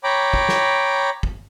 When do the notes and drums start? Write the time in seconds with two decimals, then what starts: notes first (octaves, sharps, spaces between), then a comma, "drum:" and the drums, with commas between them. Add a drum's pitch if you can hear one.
0.04 C#5 G5 A#5 B5 D6
0.34 drum: kick
0.48 drum: snare
1.23 drum: kick